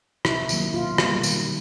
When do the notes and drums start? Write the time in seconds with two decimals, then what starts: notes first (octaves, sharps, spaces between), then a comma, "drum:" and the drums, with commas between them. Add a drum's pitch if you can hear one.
0.25 C3 E4, drum: rim click
0.49 D#3 F#3 A#3, drum: tambourine
0.74 B2 F4
0.98 G3 A#3, drum: rim click
1.23 D#3, drum: tambourine